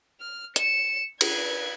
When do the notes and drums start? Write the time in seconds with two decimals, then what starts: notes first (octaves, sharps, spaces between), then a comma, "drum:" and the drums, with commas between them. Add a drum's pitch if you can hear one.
0.21 F6
0.56 C#7 E7, drum: hi-hat
1.21 B4 G#6, drum: cymbal